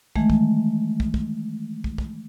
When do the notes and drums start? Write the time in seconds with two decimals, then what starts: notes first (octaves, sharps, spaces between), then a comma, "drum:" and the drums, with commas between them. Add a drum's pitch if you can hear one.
0.16 D#3 E3 G#3 A3, drum: kick
0.30 drum: kick
1.00 drum: kick
1.14 drum: kick
1.84 drum: kick
1.98 drum: kick